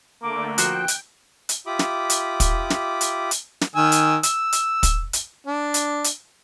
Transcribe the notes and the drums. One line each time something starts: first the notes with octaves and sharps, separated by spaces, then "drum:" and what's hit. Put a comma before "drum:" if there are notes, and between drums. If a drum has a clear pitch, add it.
D3 A3 A#3 D6
F3 F#4 C5 G5 F#6, drum: hi-hat
drum: hi-hat
drum: hi-hat
F4 G4 E5 B5 D6 D#6
drum: snare
drum: hi-hat
drum: kick, hi-hat
drum: snare
drum: hi-hat
drum: hi-hat
drum: snare
D#3 G#5 E6
drum: hi-hat
E6, drum: hi-hat
drum: hi-hat
drum: kick, hi-hat
drum: hi-hat
D4
drum: hi-hat
drum: hi-hat